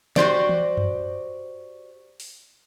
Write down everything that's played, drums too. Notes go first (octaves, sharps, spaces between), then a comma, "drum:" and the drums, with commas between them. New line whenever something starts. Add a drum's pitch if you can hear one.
F#4 G4 C5 D5, drum: snare
drum: tom E3
drum: tom F#2
drum: open hi-hat